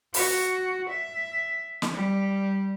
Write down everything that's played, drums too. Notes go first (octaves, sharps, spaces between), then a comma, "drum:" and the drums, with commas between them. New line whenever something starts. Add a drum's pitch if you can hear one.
F#4, drum: open hi-hat
E5
drum: snare
G3